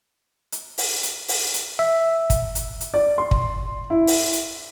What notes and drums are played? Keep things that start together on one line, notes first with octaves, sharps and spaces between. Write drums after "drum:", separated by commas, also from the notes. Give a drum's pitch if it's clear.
drum: hi-hat
drum: open hi-hat
drum: hi-hat
drum: open hi-hat
drum: hi-hat
E5
drum: kick, hi-hat
drum: hi-hat
drum: hi-hat
D5
C6
drum: kick
E4
drum: open hi-hat
drum: hi-hat